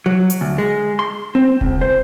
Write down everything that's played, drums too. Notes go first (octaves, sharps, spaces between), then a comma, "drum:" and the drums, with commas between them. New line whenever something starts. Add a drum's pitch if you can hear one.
F#3
drum: hi-hat
D2
G#3
C6
C4
C#2, drum: kick D#1
C5